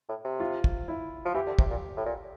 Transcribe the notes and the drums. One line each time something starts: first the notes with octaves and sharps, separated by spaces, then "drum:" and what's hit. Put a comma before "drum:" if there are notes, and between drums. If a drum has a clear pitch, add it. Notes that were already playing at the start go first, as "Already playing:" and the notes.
A2
C3
F4
drum: kick
E4
F3
E3 G4
D3
C3, drum: kick
A#2
A2
A#2